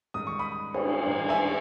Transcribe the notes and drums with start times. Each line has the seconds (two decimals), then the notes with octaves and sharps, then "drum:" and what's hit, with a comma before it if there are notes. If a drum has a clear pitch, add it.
0.14 G#2 D#3 G3 C#4 D#6
0.27 C#6
0.39 B5 D#6
0.74 drum: cymbal
1.07 G#2 D#3 G3 C#4
1.29 E5 G#5